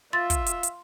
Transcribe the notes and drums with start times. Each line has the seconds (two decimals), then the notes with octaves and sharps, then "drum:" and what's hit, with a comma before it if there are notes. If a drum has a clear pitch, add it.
0.13 F4 E5 C6 A6
0.30 drum: kick, hi-hat
0.46 drum: hi-hat
0.63 drum: hi-hat